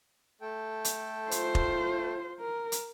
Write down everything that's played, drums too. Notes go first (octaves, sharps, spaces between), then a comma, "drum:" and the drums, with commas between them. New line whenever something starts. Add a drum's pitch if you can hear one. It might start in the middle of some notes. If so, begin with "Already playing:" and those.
A3 A4 G5
drum: hi-hat
F4 C5, drum: hi-hat
drum: kick
A#4
drum: hi-hat